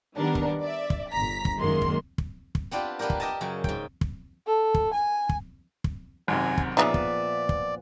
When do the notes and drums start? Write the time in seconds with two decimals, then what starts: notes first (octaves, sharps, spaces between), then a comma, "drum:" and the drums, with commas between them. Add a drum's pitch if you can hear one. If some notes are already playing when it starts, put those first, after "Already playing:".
0.17 D#3 G3 B3 D4 A#4
0.35 drum: kick
0.62 D5 E5
0.90 drum: kick
1.11 G1 A#5 B6
1.45 drum: kick
1.60 F#2 D#3 G#3 A#3 C6
1.82 drum: kick
2.18 drum: kick
2.55 drum: kick
2.71 B3 C4 D4 F4 G4
2.99 A#3 B3 D4 G4 A#4
3.10 drum: kick
3.20 G4 A#4 D#5 E5 A5
3.41 F#2 C#3 C#4
3.64 G#2 G5, drum: kick
4.01 drum: kick
4.47 A4
4.74 drum: kick
4.93 G#5
5.29 drum: kick
5.84 drum: kick
6.28 G#1 F#2 C3 G#5
6.58 drum: kick
6.77 A#2 C#3 F3 B3 D4 D#4 D5 E5
6.94 drum: kick
7.49 drum: kick